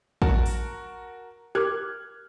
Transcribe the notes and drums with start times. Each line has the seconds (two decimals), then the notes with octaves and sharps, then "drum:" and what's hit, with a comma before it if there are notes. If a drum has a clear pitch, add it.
0.22 F#4 A#4 A5, drum: kick A#1
0.46 drum: open hi-hat
1.55 G4 A#4 D6 F6 F#6 G#6